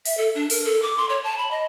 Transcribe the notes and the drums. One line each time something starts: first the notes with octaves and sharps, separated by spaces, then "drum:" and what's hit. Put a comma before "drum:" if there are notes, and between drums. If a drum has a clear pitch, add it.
E5, drum: open hi-hat
A4
D4
A#4, drum: open hi-hat
A4
D6
C6
C#5
A5
B5
D#5